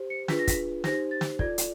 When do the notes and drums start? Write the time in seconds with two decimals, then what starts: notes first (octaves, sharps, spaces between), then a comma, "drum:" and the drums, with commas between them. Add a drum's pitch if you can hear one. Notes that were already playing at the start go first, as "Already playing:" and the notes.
Already playing: G4 C5
0.10 C#7
0.28 D4 F4 G#4 B4 B6, drum: snare
0.39 A#6
0.47 B6, drum: kick, hi-hat
0.84 D#4 G4 C5 A#6, drum: snare
1.11 A6
1.21 drum: snare
1.39 F4 A4 D5 G#6, drum: kick
1.58 drum: hi-hat